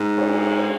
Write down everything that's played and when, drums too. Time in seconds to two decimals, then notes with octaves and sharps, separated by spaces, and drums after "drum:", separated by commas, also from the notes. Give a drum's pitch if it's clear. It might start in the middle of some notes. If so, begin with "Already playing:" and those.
Already playing: G#2
0.18 drum: cymbal